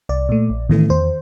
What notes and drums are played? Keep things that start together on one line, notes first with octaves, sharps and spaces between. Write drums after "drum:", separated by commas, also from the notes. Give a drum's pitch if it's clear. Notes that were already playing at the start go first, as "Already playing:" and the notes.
C2 D5
A#2 A3
A#1
A2 E3 A3, drum: tom D#3
E2 C5